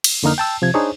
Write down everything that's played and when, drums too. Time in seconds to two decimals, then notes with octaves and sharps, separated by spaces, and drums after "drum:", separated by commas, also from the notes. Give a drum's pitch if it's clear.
0.04 drum: cymbal
0.23 F2 D3 A#3 D#4 F6
0.38 G5 A5 E6
0.62 C3 F3 G#6
0.74 D4 D#4 G#4 C5 C#5